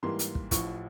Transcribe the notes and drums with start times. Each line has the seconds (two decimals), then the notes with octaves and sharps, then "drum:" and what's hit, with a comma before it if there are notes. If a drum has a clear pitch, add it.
0.03 G#2 E3 G3 A#3 C6
0.19 drum: hi-hat
0.35 drum: kick
0.51 A1 A2 F3 C#6, drum: kick, hi-hat